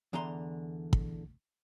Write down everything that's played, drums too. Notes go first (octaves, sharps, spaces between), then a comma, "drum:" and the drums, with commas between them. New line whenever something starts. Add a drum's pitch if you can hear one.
E2 D3 E3 A#5 C6
drum: kick